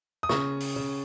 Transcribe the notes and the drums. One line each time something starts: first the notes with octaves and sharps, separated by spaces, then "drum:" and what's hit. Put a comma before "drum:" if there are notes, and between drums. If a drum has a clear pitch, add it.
D#6
C#3 C#6, drum: snare
drum: open hi-hat
C#3